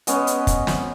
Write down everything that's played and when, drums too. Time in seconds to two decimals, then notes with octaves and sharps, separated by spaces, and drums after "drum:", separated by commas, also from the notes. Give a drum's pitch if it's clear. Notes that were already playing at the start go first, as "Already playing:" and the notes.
0.07 G#3 B3 C#4 D#5, drum: hi-hat
0.27 drum: hi-hat
0.47 drum: kick, hi-hat
0.67 drum: snare